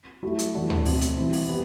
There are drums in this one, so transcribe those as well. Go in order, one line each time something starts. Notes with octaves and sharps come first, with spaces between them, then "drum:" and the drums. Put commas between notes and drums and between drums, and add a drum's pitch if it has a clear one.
F#3 A3 E4 G4
drum: hi-hat
E3 A3 D4 F#4
drum: tom D2
B2 A3 C4, drum: open hi-hat
drum: hi-hat
E3 G3 C4 E4
drum: open hi-hat
G3 B3